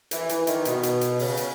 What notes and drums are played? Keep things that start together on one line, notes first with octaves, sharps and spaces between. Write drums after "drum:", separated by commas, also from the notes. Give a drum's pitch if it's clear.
E3, drum: hi-hat
E3, drum: hi-hat
D#3, drum: hi-hat
B2, drum: hi-hat
drum: hi-hat
drum: hi-hat
C#3, drum: open hi-hat
drum: hi-hat